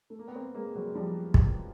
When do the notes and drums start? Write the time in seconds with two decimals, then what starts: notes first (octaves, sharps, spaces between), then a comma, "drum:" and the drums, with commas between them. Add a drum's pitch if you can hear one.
0.10 A3
0.19 A#3
0.28 B3
0.35 A#3 C4
0.55 G#3 A#3
0.75 F#3 G#3
0.95 F3 G3
1.34 drum: kick